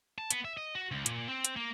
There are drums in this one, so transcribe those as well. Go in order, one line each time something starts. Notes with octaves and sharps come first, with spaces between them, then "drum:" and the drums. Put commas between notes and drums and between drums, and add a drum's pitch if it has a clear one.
A5
B3, drum: hi-hat
E5
D#5
F#4
C#2
A#2, drum: hi-hat
C4
drum: hi-hat
A#3